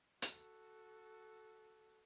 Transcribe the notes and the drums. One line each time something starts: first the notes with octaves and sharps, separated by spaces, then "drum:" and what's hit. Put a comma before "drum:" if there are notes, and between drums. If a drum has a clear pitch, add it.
F#4 A4, drum: hi-hat